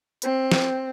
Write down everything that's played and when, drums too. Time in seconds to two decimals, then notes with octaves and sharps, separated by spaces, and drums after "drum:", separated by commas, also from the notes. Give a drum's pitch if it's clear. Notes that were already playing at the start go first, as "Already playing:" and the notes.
0.22 C4, drum: hi-hat
0.52 drum: snare